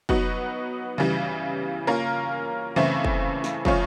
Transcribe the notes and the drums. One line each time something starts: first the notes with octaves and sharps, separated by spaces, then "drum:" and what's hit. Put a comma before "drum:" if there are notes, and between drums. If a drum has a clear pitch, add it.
F#3 B3 D#4 F#4, drum: kick
C#3 E3 G3
A#3 C#4 F4 A#4
C#3 E3 A3 C4 E4
drum: kick
drum: snare
C#3 F3 A3 C#4 F4, drum: kick